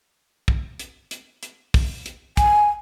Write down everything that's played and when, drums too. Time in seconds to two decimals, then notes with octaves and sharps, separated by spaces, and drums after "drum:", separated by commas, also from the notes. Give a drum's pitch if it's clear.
0.48 drum: kick
0.79 drum: hi-hat
1.11 drum: hi-hat
1.43 drum: hi-hat
1.74 drum: kick, open hi-hat
2.06 drum: hi-hat
2.37 G#5, drum: kick, hi-hat